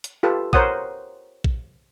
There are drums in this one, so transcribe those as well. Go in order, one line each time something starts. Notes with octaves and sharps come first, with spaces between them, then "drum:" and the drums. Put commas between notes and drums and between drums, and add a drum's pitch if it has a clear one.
drum: hi-hat
F4 G4 A4 B4
A#4 C5 C#5 F#5 D#6, drum: kick A#1
drum: kick A#1